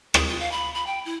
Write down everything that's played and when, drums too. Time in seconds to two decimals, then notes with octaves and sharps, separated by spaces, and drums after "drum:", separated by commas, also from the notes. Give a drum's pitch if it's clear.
0.14 G#4, drum: rim click
0.28 F4
0.40 F5
0.52 B5
0.74 B5
0.86 G5
1.05 E4